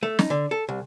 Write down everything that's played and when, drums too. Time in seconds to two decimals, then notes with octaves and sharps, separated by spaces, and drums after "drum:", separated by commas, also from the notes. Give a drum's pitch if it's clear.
0.03 A3
0.19 D#4, drum: snare
0.30 D3
0.51 A4
0.69 C2